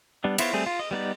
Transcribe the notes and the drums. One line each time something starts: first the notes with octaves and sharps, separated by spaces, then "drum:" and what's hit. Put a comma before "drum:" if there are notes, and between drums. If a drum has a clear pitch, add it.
G3 B3 D4
B3 E4 F4 C5 C#5, drum: cymbal
G3 A3 C4 G#4
F4
D#5
G3 B3 D#4 D5